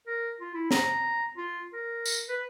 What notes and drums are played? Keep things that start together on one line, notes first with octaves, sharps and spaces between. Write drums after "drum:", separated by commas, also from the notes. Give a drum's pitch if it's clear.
A#4
F4
E4
A#5, drum: snare
F4
A#4
drum: tambourine
B4